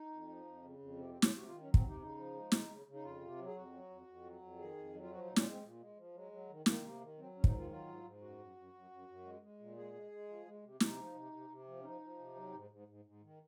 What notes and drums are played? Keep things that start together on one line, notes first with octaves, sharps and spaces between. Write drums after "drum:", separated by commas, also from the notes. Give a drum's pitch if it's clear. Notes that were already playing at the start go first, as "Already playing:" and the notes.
Already playing: D#4
F2
F3
F2
C#3
F2
C3 C4
C4
C3
C#4, drum: snare
C3 F#4
D#3 F4
C#4
F#3
C4, drum: kick
C3 D#4
C#3 D#4
F3
G#3
C#3, drum: snare
C#3
C#3
D#4
F2 F4
C3
F#3
G#4
F2 F#4
F#3
F2
F2
F#3
F2
D#3 G#4
F2
F#3
F4
F3 F#4
A#2 D#4
C#4, drum: snare
G#3 C4
A#2
G#3
F3
F#3 G#3
F#3
D#3
D#3 A#3, drum: snare
C3
D#3
F#3 C4
G#2 C#4
D#4, drum: kick
D#3 F4
F#3 F4
G#2
G#2
F#2 F#4
F#2
F#2
F#2
F#2
F#2
G#3
G#3
A#2
G#3 G#4
G#3
G#3
F3
G#3
C3
C3 D#4, drum: snare
F3
C3
C3
C3
F3
C#4
F3 D#4
F3
C3
F#3
G#2
G#2
G#2
G#2
D#3